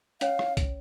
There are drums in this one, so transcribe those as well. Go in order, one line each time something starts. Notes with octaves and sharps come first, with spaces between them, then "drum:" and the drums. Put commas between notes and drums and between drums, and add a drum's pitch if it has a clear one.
C#4 C#5 F5, drum: hi-hat
drum: rim click
drum: kick C2, hi-hat